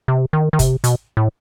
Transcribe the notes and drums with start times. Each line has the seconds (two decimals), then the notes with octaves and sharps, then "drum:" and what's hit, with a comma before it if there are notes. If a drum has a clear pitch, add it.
0.08 C3
0.33 D#3
0.53 D#3
0.59 C3, drum: kick F#1, hi-hat
0.84 B2, drum: hi-hat
1.17 A2